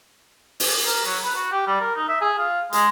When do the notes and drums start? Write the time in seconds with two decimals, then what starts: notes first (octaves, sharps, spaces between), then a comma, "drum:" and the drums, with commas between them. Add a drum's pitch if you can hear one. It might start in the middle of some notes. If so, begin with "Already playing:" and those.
0.60 drum: open hi-hat
0.86 A#4
1.05 F#3
1.23 B4
1.36 F#4
1.52 G4
1.67 G3
1.81 A#4
1.96 D#4
2.09 E5
2.21 G#4
2.38 F4
2.73 G#3, drum: hi-hat